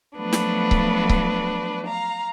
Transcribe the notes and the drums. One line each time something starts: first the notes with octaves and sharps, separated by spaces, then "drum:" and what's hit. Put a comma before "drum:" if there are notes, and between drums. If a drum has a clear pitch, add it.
F3 F#3 A3 B3 D4 B4
drum: snare
drum: kick C#1
drum: kick C#1
F5 A#5